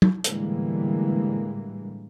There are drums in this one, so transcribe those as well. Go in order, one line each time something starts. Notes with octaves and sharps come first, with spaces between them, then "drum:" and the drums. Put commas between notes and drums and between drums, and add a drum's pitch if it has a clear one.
drum: tom
A2 D3 E3 G3 G#3 A#3, drum: hi-hat